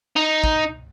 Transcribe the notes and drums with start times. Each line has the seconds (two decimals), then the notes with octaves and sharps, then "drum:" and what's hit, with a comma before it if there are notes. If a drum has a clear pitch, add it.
0.16 D#4
0.44 drum: kick